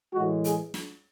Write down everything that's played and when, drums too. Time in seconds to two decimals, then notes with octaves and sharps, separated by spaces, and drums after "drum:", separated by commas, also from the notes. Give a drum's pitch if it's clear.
0.14 A2 E3 G#3 F#4
0.44 G#4, drum: hi-hat
0.74 drum: snare